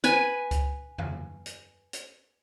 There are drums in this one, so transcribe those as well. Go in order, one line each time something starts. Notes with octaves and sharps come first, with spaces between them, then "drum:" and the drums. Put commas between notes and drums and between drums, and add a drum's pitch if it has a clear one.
B4 G#5 B5, drum: hi-hat
drum: kick C#2, hi-hat
drum: tom E2
drum: hi-hat
drum: hi-hat